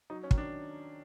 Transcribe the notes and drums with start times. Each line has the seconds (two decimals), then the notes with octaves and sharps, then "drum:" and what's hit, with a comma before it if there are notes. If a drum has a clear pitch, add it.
0.10 F#3 D#4
0.23 C#4
0.31 D#3, drum: kick
0.38 D4